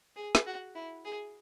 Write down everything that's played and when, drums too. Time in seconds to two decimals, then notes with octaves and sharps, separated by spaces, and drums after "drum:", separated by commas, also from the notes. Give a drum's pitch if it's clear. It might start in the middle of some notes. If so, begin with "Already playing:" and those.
0.16 G#4
0.35 drum: snare
0.46 F#4
0.75 E4
1.05 G#4